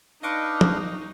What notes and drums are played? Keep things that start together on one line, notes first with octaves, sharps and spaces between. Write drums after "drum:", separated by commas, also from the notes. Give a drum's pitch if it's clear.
D4 D#4 B4 D#5 F5 C#6 D6
drum: tom